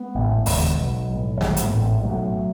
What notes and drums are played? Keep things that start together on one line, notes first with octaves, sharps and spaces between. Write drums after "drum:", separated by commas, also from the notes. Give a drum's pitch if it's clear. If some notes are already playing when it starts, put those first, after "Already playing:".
Already playing: G#3 B3
A1 A2
E1 D#2 C#3 G#3 B3, drum: open hi-hat
B1 B2
B1 A2
A1 G#2 F#3 A3, drum: snare
G#3 B3, drum: hi-hat
A1 A2 G#3 B3
B1 A2 F#3 A3